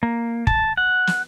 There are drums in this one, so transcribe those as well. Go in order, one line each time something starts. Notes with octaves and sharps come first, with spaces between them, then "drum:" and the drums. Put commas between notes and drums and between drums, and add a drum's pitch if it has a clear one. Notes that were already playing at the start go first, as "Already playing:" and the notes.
A#3
A5, drum: kick
F#5
drum: snare